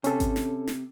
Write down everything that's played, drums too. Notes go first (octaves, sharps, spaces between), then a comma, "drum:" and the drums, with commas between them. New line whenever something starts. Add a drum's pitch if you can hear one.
C3 C#4 A4, drum: hi-hat
drum: kick G#1, hi-hat
drum: snare
drum: snare